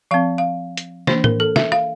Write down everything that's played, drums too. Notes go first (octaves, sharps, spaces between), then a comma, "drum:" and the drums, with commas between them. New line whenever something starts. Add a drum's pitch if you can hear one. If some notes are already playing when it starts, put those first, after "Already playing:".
F3 C4 F5
F5
drum: hi-hat
E3 A#3 D4 C5, drum: snare
A#4, drum: tom A2
A4
E5, drum: snare
F5, drum: rim click